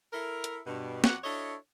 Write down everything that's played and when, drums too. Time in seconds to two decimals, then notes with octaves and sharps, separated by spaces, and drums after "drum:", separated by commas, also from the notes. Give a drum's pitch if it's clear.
0.13 E4 A4 A#4
0.44 drum: hi-hat
0.66 G2 B2
1.04 F2 F#4 D5 F#5, drum: snare
1.24 D4 E4 F#4 A4 C#5 D#5